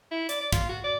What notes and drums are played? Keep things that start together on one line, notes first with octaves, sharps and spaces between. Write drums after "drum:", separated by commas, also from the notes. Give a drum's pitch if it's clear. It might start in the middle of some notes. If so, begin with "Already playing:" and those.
E4
D5, drum: hi-hat
D5
F4, drum: kick, hi-hat
F#4
D5